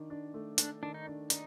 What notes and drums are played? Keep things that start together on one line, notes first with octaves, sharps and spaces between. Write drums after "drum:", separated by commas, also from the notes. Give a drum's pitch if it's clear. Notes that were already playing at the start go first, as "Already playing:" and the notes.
Already playing: D#3 D4
D4
A3
A3 D4, drum: hi-hat
D#3 D4
D#4
D4
D4 D#4, drum: hi-hat